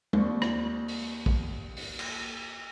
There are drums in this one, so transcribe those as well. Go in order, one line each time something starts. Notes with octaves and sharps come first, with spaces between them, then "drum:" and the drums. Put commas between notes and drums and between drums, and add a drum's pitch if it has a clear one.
D#2 C4 D5 C#6, drum: tom
drum: rim click
drum: open hi-hat
drum: kick
drum: open hi-hat
drum: cymbal